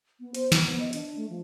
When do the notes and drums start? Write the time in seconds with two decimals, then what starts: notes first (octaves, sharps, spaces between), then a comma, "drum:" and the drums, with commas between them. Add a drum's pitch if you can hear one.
0.20 B3
0.35 C5, drum: hi-hat
0.52 B3, drum: snare
0.66 B3
0.80 D#5
0.93 D4, drum: hi-hat
1.16 A3
1.30 F3